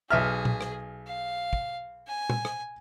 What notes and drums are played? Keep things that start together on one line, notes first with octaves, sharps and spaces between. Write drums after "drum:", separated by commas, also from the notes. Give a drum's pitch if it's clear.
B1 G#4 E5 F6
drum: tom A#2
drum: rim click
F5
drum: kick
G#5
drum: tom
drum: rim click